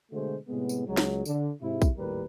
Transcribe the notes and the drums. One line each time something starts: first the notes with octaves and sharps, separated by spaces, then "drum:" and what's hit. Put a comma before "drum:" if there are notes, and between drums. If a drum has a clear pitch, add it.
B2 D3 G#3 A3 F#4 C5
A2 C3 G#3 B3
drum: tambourine
C#2 F#3 G#3
drum: snare
D3, drum: tambourine
G#2 C3 E4
drum: kick, tambourine
G#1 D#2 A2 G3 A#4 B4